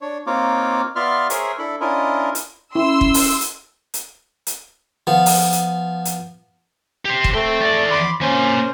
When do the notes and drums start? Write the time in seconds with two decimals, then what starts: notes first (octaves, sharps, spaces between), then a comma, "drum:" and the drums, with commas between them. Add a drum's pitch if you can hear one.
0.02 D4 C#5
0.27 A#3 C4 D#4 F4 C#5 D6
0.96 B3 F4 D5 E5 C6 F6
1.30 G#4 A#4 C5 C#5 E5, drum: hi-hat
1.59 D4 E4 A4 B5
1.81 C#4 D4 E4 F4 A#4 D#5
2.35 drum: hi-hat
2.75 C#4 E4 C6 E6
3.01 drum: kick
3.14 drum: open hi-hat
3.41 drum: hi-hat
3.94 drum: hi-hat
4.47 drum: hi-hat
5.07 F3 B3
5.26 drum: open hi-hat
5.52 drum: hi-hat
6.05 drum: hi-hat
7.05 G4 C5
7.24 drum: kick
7.34 A3 C4 A4 G5
7.60 E2 D5
7.91 B5 C6 D6
8.21 A#3 C#4 C5 G#5